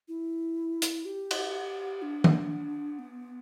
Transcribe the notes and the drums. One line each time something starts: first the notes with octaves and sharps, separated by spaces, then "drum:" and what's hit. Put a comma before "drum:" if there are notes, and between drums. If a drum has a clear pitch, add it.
E4
drum: hi-hat
G4
drum: cymbal
D4
drum: tom D#3
B3